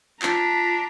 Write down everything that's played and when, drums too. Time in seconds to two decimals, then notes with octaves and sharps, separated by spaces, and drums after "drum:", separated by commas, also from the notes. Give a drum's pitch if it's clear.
0.22 D4 F4 A5 A#5 B6, drum: clap